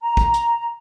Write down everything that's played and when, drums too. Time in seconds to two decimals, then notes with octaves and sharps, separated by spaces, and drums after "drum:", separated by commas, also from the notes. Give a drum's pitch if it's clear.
0.01 A#5
0.17 drum: kick
0.33 drum: hi-hat